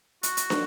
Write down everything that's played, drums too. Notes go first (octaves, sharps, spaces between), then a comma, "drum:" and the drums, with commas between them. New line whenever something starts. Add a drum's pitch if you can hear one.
F#4, drum: hi-hat
drum: hi-hat
drum: snare